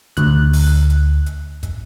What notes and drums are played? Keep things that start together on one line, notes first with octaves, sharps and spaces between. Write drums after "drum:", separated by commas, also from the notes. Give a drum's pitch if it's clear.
D2 F#6, drum: kick, hi-hat
drum: open hi-hat
drum: hi-hat
drum: hi-hat
drum: kick, hi-hat